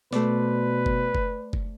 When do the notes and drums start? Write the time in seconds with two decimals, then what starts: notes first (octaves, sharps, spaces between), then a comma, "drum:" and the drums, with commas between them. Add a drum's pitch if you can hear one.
0.13 B2 A3 B4 C5 D5, drum: snare
0.86 drum: kick F#1
1.15 drum: kick F#1
1.53 drum: kick F#1